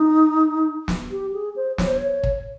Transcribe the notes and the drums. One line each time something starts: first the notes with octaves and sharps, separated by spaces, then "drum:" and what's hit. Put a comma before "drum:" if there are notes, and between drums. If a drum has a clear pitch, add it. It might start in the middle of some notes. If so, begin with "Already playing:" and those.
Already playing: D#4
drum: snare
G4
G#4
C5
C#5, drum: snare
C5
C#5
drum: kick